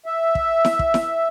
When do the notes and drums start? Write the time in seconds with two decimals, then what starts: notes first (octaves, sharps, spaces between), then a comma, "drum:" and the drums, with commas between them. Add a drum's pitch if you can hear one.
0.06 E5
0.35 drum: kick
0.65 drum: snare E4
0.79 drum: kick
0.94 drum: snare E4